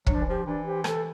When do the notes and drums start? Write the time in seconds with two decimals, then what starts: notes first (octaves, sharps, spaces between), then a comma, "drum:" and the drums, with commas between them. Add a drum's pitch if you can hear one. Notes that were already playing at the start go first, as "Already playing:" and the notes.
0.06 F#3 D4, drum: kick
0.14 F3
0.22 E3
0.26 F3 G4 C5
0.46 E3 D4
0.65 G4 C5
0.84 A4, drum: rim click